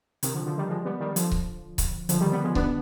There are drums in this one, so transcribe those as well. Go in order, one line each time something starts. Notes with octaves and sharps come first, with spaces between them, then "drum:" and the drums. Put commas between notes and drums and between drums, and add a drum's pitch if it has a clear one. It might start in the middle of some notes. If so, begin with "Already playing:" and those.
C3 D#3, drum: hi-hat
D3 F3
D3 F3
D#3 G3
F3 G#3
G3 B3
D#3 G3
D3 F3, drum: hi-hat
drum: kick C#1
drum: kick C#1, hi-hat
D3 F3, drum: hi-hat
D#3 G3
G3 B3
F3 G#3
B3 D4, drum: kick C#1